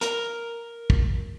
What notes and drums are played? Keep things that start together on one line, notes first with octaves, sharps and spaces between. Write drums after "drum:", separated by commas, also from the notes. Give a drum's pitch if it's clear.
A#4, drum: hi-hat
drum: kick